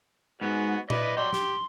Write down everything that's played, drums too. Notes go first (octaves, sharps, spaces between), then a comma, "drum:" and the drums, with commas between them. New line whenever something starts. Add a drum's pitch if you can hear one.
G#2 B3 F#4
E4 B4 D5 D#5, drum: tom A#2
F#3 D5 G5 C6
G4, drum: snare